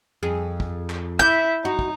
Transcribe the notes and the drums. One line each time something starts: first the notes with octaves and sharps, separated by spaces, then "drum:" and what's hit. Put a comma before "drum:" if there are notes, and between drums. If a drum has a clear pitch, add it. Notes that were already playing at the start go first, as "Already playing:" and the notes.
F2 G#4
drum: kick
drum: clap
E4 E5 G6, drum: kick
D#4 F#4
drum: kick